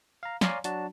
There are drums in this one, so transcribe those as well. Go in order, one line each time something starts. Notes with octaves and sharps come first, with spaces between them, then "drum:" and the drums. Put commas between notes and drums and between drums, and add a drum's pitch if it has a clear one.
F5 A#5
C#5 D5 F5 G#5 A#5 C6, drum: snare
F#3 D4 F#4 A5, drum: hi-hat